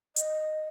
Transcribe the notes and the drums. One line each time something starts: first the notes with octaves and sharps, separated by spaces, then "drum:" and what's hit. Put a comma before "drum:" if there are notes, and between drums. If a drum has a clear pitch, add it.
D#5, drum: hi-hat